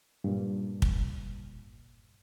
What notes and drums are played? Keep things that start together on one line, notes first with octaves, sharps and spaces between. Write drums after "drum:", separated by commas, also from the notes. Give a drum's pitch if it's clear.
G2 A#2
drum: kick